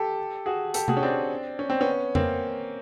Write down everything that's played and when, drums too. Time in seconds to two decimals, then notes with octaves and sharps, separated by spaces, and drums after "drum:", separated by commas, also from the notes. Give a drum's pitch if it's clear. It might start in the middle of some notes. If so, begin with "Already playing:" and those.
Already playing: G4 A4
0.46 F#4 G#4
0.74 G4 A4, drum: hi-hat
0.88 F#4 G#4, drum: tom C3
0.97 C#4
1.02 C4 D4
1.59 C#4
1.70 C4
1.80 B3 C#4
2.15 A#3 C4, drum: tom F2